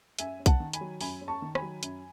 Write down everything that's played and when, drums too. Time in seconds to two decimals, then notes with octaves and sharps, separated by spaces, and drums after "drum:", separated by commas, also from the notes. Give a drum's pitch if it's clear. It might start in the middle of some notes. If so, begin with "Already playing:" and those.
0.19 F#2 E5 G#5, drum: hi-hat
0.39 C#4
0.46 F#5 A5, drum: kick B1, hi-hat
0.60 D#3
0.73 G#5 B5, drum: hi-hat
0.81 F#3
1.01 F#2 G#5 B5, drum: open hi-hat
1.21 C#4
1.28 A5 C#6
1.42 D#3
1.55 G#5 B5, drum: rim click
1.62 F#3
1.83 F#2, drum: hi-hat